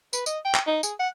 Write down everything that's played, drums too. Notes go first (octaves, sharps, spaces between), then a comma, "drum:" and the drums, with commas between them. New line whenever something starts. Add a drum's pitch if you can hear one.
B4, drum: tambourine
D#5, drum: tambourine
G5
drum: clap
D#4
G#4, drum: tambourine
F#5